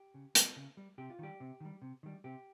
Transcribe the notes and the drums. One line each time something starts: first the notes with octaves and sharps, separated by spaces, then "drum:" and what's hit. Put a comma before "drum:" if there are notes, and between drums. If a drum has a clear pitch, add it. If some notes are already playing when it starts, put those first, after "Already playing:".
Already playing: G4
C#3
G3, drum: hi-hat
C#3
G3
C3 G4
F4
D#3 G3 G4
C3
D#3 G3
C3
D#3 G3
C3 G4